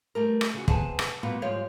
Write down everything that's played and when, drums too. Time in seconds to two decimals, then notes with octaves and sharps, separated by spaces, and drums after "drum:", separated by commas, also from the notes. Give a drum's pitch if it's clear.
0.15 G3 A3 A#4
0.41 drum: rim click
0.54 C#3 F#4
0.68 C3 B3 G#4 F#5 G#5 A5, drum: kick
0.99 drum: rim click
1.23 A#2 G3 B3 F4 F#4
1.42 G#2 F3 G3 C#5 F5